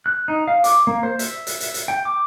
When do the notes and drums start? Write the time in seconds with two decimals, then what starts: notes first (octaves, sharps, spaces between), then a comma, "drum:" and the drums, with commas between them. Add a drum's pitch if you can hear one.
0.06 F#6
0.28 D#4
0.48 F5
0.64 D6, drum: hi-hat
0.87 A#3
1.03 C5
1.19 E5, drum: hi-hat
1.47 drum: hi-hat
1.60 drum: hi-hat
1.74 drum: hi-hat
1.88 G5
2.05 D6